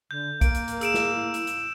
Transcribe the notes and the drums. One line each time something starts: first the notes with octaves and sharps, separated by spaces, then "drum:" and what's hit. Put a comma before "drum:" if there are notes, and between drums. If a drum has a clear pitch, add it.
D3 G6
A#3 A#4 D7, drum: kick, hi-hat
drum: hi-hat
drum: hi-hat
G#4 E6 D7 E7, drum: hi-hat
drum: snare
E4
drum: hi-hat
drum: hi-hat